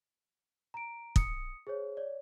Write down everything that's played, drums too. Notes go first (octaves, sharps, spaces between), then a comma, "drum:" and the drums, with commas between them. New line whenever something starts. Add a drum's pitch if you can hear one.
A#5 D7
D#6 C#7, drum: kick
G#4 C5 C#5
C#5 D5